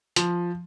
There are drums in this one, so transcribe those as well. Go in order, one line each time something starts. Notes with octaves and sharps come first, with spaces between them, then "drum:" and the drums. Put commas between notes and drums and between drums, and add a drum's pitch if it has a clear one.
F3, drum: hi-hat